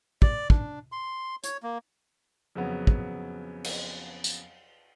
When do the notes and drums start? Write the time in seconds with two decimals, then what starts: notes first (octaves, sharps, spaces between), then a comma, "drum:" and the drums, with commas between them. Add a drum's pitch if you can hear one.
0.22 D5, drum: kick
0.50 D4, drum: kick
0.92 C6
1.44 C#5, drum: hi-hat
1.63 A#3
2.55 F2 C#3 F#3 B3
2.87 drum: kick
3.64 drum: cymbal
4.24 drum: tambourine